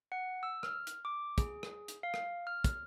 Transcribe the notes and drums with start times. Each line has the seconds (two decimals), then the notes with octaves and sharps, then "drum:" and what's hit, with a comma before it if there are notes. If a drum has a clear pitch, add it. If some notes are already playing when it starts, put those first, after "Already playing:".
0.12 F#5
0.43 E6
0.63 F6, drum: rim click
0.87 drum: hi-hat
1.05 D6
1.38 G#4, drum: kick, hi-hat
1.63 drum: rim click
1.88 drum: hi-hat
2.03 F5
2.14 drum: rim click
2.47 F6
2.64 drum: kick, hi-hat